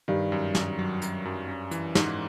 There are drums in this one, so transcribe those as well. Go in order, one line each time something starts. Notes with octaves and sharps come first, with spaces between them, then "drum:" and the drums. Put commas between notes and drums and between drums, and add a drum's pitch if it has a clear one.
G2 D#3
F#2
F#2, drum: snare
F#3
F#2, drum: hi-hat
F#2
C#4
E3, drum: hi-hat
G#2, drum: snare